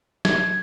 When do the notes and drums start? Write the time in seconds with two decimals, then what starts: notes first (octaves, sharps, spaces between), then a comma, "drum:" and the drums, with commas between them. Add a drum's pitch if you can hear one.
0.25 G#6, drum: snare